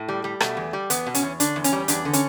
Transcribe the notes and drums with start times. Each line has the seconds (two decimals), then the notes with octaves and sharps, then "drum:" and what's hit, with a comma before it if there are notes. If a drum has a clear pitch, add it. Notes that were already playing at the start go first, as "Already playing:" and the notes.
Already playing: A2
0.09 G3
0.24 G3
0.40 B2 A3, drum: rim click
0.57 E2
0.73 G3
0.90 E2 B3, drum: hi-hat
1.07 B2
1.14 C#4, drum: hi-hat
1.23 E2
1.40 D3 D4, drum: hi-hat
1.56 E2
1.64 C#4, drum: hi-hat
1.72 G3
1.88 E2 D4, drum: hi-hat
2.05 D3
2.13 C#4, drum: hi-hat